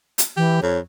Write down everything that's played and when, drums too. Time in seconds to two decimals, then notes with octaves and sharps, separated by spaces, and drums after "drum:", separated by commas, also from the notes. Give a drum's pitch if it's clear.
0.18 drum: hi-hat
0.37 E3 G4
0.62 F2 C#5